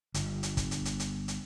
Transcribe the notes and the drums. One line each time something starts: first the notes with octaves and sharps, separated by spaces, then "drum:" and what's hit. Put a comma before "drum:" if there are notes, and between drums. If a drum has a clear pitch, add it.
G1, drum: hi-hat
drum: hi-hat
drum: kick, hi-hat
drum: hi-hat
drum: hi-hat
drum: hi-hat
drum: hi-hat